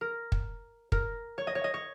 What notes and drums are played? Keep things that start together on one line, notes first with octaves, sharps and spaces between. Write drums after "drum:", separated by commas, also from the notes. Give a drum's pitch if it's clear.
A#4
drum: kick
A#4, drum: kick
C#5
D#5
C#5
D#5
C#5